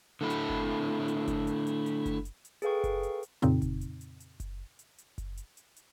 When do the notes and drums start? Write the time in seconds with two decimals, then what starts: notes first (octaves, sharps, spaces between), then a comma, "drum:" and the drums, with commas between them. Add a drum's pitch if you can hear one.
0.21 D3 A3 E4
0.30 drum: hi-hat
0.50 drum: kick F#1
1.08 drum: hi-hat
1.28 drum: kick F#1, hi-hat
1.47 drum: hi-hat
1.67 drum: hi-hat
1.86 drum: hi-hat
2.06 drum: kick F#1, hi-hat
2.25 drum: hi-hat
2.45 drum: hi-hat
2.62 G#4 A4 B4 F5 G5 C#6, drum: hi-hat
2.84 drum: kick F#1, hi-hat
3.03 drum: hi-hat
3.23 drum: hi-hat
3.42 F2 A#2 C#3 C4 D#4, drum: hi-hat
3.62 drum: kick F#1, hi-hat
3.81 drum: hi-hat
4.01 drum: hi-hat
4.20 drum: hi-hat
4.40 drum: kick F#1, hi-hat
4.79 drum: hi-hat
4.98 drum: hi-hat
5.18 drum: kick F#1, hi-hat
5.37 drum: hi-hat
5.57 drum: hi-hat
5.76 drum: hi-hat